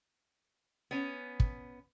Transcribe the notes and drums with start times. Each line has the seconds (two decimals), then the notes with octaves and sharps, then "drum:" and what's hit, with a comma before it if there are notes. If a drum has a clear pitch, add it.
0.91 B3 C#4
1.40 drum: kick